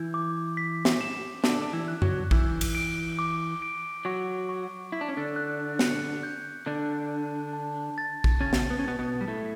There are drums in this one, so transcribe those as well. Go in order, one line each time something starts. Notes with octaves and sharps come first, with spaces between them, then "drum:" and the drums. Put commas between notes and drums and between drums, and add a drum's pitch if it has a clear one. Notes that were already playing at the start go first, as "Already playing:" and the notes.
Already playing: E3 E4 G6
D6
B6
drum: snare
E7
D3 D4 B6, drum: snare
D4
E3 E4
F#6
F#3 F#4, drum: tom F#2
E3 E4 G6, drum: kick A#1
drum: cymbal
D7
D6
D7
F#3 F#4 C#6
C#6
E4 B6
D4
C#4
D3 D4
F#6
C#7, drum: snare
G6
D3 D4 A5
A5
A5
A6
drum: kick A#1
C#3 C#4 A6
drum: snare
B3
C#4
B2 B3 A6
B2 B3
G3
A2 A3 A6